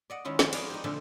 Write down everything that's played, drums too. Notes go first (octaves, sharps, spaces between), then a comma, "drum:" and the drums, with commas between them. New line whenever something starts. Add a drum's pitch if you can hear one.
D5 D#5 F#5
D#3 G#3 C#4 E4 F4
F3 F5, drum: snare
F4 G#4 B4 D5 F5, drum: cymbal
D#4 G4
A#2 D3 F3 G#3 A3 C4